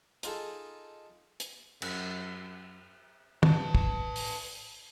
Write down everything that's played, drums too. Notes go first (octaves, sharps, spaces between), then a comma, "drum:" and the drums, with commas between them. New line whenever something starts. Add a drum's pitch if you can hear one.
D#4 F4 G#4 A4, drum: hi-hat
drum: hi-hat
F#2, drum: cymbal
B4 A5, drum: tom
drum: kick
drum: open hi-hat